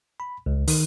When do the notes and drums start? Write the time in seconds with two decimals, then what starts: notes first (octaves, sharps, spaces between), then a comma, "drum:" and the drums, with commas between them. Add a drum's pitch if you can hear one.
0.20 B5
0.46 C#2
0.68 D#3, drum: open hi-hat